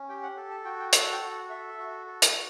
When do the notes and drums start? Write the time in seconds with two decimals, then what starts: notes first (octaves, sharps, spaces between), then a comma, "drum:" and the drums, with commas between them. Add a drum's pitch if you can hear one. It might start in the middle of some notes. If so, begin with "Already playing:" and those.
Already playing: C#4
0.09 G4 G5
0.23 F#5
0.37 A4
0.50 A5
0.64 F#4 G5
0.80 G5
0.93 A4 A5, drum: hi-hat
1.12 G5
1.22 F#4
1.31 F#5
1.49 A4 E5
1.78 F#4
2.06 A4
2.22 drum: hi-hat
2.35 F#4